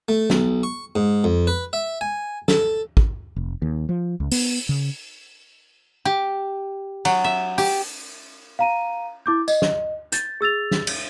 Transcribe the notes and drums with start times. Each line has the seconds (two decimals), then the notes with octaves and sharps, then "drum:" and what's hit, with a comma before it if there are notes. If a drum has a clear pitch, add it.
0.08 A3
0.30 B1, drum: snare
0.63 C#6
0.96 G#2
1.24 F2
1.47 B4
1.73 E5
2.01 G#5
2.48 A4, drum: snare
2.97 drum: kick
3.36 F1
3.62 D#2
3.89 F3
4.20 C#2
4.32 B3, drum: open hi-hat
4.69 C#3
6.05 G4
7.05 F#3, drum: cymbal
7.24 E5
7.58 G4, drum: open hi-hat
8.59 F5 A#5 D#7
9.26 E4 D6 G6
9.48 D#5, drum: tambourine
9.62 drum: snare
10.12 G6 A6, drum: hi-hat
10.41 G#4 E6 A6 F7
10.71 drum: snare
10.87 drum: cymbal